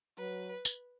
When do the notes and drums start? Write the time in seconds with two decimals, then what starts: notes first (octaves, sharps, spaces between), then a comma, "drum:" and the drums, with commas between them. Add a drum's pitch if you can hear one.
0.18 F#3 B4
0.65 drum: tambourine